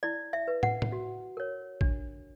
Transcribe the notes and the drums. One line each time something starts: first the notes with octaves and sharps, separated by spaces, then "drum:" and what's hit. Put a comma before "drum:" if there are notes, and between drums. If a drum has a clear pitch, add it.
E4 D5
E5
B4
F#5, drum: tom
drum: tom
F#4
A#4 C#5
D4, drum: kick A1